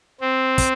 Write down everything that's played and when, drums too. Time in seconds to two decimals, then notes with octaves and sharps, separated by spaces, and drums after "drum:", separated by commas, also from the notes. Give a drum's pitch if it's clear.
0.21 C4
0.58 drum: kick, hi-hat